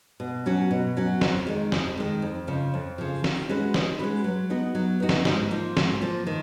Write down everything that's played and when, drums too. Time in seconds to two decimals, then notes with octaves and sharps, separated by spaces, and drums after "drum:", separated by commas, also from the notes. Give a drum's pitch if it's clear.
0.20 B2
0.46 F#3 C#4 F#4
0.71 B2
0.97 F#3 C#4 F#4
1.21 F2, drum: snare
1.47 D#3 G#3
1.72 F2, drum: snare
1.98 D#3 G#3
2.22 F2
2.47 C#3 F3
2.74 F2
2.98 C#3 F3
3.24 D#3, drum: snare
3.49 G#3 C#4 F#4 B4
3.74 D#3, drum: snare
3.99 G#3 C#4 F#4 B4
4.24 F#3
4.50 B3 D#4 F#4
4.75 F#3
5.00 B3 D#4 F#4
5.09 drum: snare
5.25 G#2, drum: snare
5.51 F3 A#3
5.77 G#2, drum: snare
6.02 F3 A#3
6.27 D#3